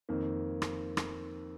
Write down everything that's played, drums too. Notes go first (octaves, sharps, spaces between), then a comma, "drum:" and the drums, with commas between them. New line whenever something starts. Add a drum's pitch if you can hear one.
F2 D#3 A#3
drum: rim click
drum: rim click